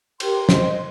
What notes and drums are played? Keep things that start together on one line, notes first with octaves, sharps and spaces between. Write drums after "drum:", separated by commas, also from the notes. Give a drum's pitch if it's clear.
G4 A#4 G5 C6, drum: cymbal
C5 D#5 C6, drum: snare